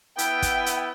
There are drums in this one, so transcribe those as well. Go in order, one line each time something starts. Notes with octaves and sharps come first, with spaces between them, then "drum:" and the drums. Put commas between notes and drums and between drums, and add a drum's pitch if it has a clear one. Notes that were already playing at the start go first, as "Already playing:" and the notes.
B3 E4 G5, drum: hi-hat
drum: kick, hi-hat
drum: hi-hat